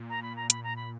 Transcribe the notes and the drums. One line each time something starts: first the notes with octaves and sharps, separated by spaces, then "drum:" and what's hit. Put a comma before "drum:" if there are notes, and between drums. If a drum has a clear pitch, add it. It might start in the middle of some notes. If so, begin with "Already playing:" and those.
Already playing: A#2
A#5
B5
A#5
B5, drum: hi-hat
A#5
B5